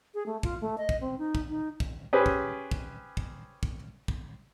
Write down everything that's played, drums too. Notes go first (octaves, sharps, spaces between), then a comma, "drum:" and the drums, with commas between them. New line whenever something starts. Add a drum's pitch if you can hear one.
G#4
A3
F4, drum: kick
A3
D#5
drum: kick
C4
D#4
drum: kick
D#4
drum: kick
C#4 G4 G#4 B4 C5
drum: kick
drum: kick
drum: kick
drum: kick
drum: kick